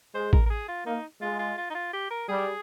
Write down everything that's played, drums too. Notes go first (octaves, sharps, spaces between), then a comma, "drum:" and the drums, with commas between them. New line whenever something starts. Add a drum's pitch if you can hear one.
G#3 C5
A#4, drum: kick A1
A#4
G#4
F4
A#3 D#4
G#3 F4
F4
F4
D#4
F4
G4
A#4
G3 G#4